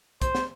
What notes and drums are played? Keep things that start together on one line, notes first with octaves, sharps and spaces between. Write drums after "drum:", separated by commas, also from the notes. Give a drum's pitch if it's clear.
C5, drum: kick, hi-hat
drum: snare